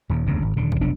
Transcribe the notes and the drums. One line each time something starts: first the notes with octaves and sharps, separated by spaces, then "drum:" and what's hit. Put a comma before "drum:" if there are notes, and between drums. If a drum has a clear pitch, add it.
D#1 D#2
E1 D2 G2 C#3
G#1
D#1 D3
drum: kick
F1 B1 C3 D4